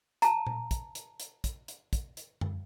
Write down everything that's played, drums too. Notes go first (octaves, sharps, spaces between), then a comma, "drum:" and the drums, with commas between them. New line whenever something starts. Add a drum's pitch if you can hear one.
A5 A#5, drum: hi-hat
drum: tom A#2
drum: kick, hi-hat
drum: hi-hat
drum: hi-hat
drum: kick, hi-hat
drum: hi-hat
drum: kick, hi-hat
drum: hi-hat
drum: tom F#2